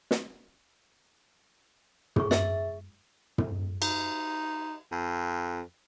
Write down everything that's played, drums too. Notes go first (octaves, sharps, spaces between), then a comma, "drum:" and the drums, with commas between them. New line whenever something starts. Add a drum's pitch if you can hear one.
drum: snare
G#4 C#6, drum: tom
E5, drum: snare
drum: tom
D#4, drum: cymbal
F2